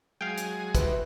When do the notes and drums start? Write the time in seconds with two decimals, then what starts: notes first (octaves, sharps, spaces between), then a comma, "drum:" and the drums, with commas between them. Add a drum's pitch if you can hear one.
0.21 F#3 G#3 G#4 F5 G5
0.37 drum: hi-hat
0.75 D#3 G3 E4 F#4 B4 C5, drum: kick, hi-hat